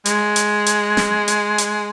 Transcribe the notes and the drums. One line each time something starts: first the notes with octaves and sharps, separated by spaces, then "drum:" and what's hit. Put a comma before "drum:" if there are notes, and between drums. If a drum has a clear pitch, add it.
G#3, drum: hi-hat
drum: hi-hat
drum: hi-hat
drum: snare
drum: hi-hat
drum: hi-hat